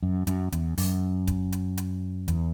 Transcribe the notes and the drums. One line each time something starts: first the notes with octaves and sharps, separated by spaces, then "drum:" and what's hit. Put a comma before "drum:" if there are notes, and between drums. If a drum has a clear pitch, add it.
F#2
F#2, drum: hi-hat
E2, drum: hi-hat
F#2, drum: open hi-hat
drum: kick, hi-hat
drum: hi-hat
drum: hi-hat
E2, drum: hi-hat